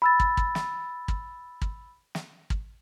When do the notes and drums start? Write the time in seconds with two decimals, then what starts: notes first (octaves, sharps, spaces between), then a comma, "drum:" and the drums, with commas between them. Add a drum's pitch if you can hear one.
0.02 B5 E6 A6
0.20 drum: kick
0.37 drum: kick
0.55 drum: snare
1.08 drum: kick
1.62 drum: kick
2.15 drum: snare
2.50 drum: kick